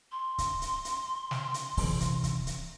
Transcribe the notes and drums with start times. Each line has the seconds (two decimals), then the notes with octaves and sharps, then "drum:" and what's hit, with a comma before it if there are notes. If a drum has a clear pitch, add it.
0.11 C6
0.38 drum: kick C#1, hi-hat
0.62 drum: hi-hat
0.85 drum: hi-hat
1.31 drum: snare
1.54 drum: hi-hat
1.77 C3 E3, drum: open hi-hat
2.00 drum: hi-hat
2.23 drum: kick C#1, hi-hat
2.47 drum: hi-hat